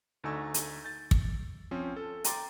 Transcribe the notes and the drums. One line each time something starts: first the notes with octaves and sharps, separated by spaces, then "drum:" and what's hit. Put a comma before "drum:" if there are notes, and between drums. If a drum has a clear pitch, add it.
D2 D3 D#4 G#5 C#6 E6
drum: hi-hat
G6 A6
drum: kick
F3 C4 C#4
A4
G5 A#5 C6 D6 A6, drum: hi-hat